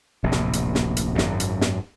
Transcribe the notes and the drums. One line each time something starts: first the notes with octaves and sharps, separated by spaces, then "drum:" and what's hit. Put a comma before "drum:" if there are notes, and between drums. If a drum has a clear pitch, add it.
D1 A#1 A2 C3
drum: snare
drum: hi-hat
drum: snare
drum: hi-hat
G#1 F#2, drum: snare
drum: hi-hat
drum: snare